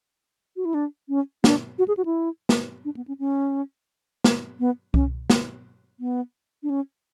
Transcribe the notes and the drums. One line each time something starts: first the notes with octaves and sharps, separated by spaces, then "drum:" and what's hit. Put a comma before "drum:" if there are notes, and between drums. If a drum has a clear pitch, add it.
F#4
E4
D4
C#4
D4, drum: snare
F#4
G#4
F#4
E4
drum: snare
D4
B3
C#4
C#4
drum: snare
B3
C#4, drum: kick C2
drum: snare
B3
D4
C#4